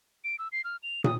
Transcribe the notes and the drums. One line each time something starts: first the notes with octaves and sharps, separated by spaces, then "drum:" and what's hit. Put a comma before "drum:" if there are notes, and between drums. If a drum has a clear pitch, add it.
D7
E6
C7
F6
F7
D#6, drum: tom